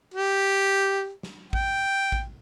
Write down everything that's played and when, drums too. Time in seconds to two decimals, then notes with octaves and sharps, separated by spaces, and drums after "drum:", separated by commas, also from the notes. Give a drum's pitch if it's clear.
0.14 G4
1.23 drum: snare
1.53 G5, drum: kick A1
2.12 drum: kick A1